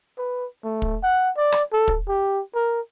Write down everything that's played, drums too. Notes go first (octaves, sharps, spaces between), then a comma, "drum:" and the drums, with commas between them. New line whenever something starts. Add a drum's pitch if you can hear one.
B4
A3
drum: kick
F#5
D5
drum: rim click
A4
drum: kick
G4
A#4